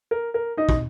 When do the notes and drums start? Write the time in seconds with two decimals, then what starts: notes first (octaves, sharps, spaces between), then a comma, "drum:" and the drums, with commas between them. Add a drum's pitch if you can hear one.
0.11 A#4
0.34 A#4
0.57 D#4 D#5
0.69 drum: kick